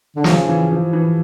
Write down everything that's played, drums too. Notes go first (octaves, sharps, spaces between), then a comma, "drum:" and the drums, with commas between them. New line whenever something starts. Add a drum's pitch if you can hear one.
D3
C#3 F3, drum: snare
E3
F3
E3